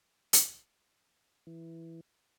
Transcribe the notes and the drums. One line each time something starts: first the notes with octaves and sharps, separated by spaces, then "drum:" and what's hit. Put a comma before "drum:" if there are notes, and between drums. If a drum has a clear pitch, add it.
drum: hi-hat
E3